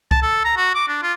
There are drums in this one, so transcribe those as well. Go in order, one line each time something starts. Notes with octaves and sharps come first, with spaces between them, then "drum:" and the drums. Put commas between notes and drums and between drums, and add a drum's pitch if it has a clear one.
A5, drum: kick C2
A4
A#5
F#4
D6
D4
F4